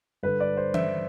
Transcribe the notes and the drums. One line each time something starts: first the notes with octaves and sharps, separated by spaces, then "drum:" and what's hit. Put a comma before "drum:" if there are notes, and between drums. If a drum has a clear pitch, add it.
G2 D3 B4
D5
C5
E5, drum: tom E3